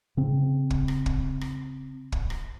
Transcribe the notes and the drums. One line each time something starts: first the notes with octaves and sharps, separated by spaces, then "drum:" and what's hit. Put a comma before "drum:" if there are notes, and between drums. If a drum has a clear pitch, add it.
C#3 C4
drum: kick
drum: rim click
drum: kick
drum: rim click
drum: kick
drum: rim click